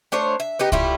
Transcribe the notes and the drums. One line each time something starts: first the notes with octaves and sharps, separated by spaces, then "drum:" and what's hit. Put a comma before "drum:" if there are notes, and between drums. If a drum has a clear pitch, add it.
A3 D4 C5 C#5
E5
B3 D#4 G4
G3 A3 E4 F4, drum: kick C2